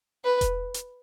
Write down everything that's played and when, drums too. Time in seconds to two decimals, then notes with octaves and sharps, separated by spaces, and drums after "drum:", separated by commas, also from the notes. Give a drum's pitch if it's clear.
0.24 B4
0.41 drum: kick E1, hi-hat
0.74 drum: hi-hat